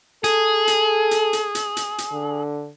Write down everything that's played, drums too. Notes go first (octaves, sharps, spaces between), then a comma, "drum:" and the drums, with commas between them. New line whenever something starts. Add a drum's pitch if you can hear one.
G#4 A4, drum: hi-hat
drum: hi-hat
drum: hi-hat
drum: hi-hat
drum: hi-hat
drum: hi-hat
drum: hi-hat
D3